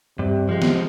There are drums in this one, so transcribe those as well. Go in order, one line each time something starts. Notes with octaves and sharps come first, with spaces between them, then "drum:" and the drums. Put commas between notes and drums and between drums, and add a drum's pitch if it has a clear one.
G2 C3
C3 F3 G#3
drum: snare